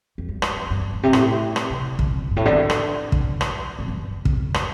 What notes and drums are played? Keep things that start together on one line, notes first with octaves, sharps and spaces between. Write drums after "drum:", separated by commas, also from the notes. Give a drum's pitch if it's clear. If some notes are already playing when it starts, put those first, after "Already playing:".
F2
G2
drum: rim click
F2
G2
A2
C3
A2, drum: rim click
drum: rim click
C3
D3, drum: kick
F3
G2
A2
D3
drum: rim click
F3, drum: kick
drum: rim click
A2
G2
F2, drum: kick
drum: rim click